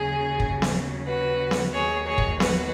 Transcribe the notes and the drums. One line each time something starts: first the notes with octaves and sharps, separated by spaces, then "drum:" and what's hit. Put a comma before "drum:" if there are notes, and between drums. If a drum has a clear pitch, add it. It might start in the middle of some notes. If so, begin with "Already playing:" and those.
Already playing: D#2 C#3 F#3 G#4
drum: kick
drum: snare B3
F#4 B4
drum: snare B3
D#2 D#3 F#3 G#4 C#5
G#4 C#5
drum: kick
F#4 B4, drum: snare B3